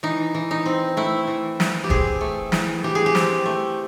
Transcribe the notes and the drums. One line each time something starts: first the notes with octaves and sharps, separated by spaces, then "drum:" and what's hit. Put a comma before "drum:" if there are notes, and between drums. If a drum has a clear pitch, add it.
E3 D#4
E3
D#4
C4
A3 E4
E3
E3, drum: snare
G4
C4 G#4, drum: kick
A3
E3, drum: snare
E3 G4
G#4
G4
C4, drum: snare
A3